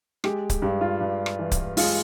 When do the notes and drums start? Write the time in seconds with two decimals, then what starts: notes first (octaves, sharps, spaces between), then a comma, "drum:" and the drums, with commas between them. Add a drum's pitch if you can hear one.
0.24 G#3 G4, drum: rim click
0.50 drum: kick C#1, hi-hat
0.62 G2 G4
0.81 F4
1.00 G2
1.26 drum: rim click
1.39 E3
1.52 drum: kick C#1, hi-hat
1.77 G#3 F4, drum: open hi-hat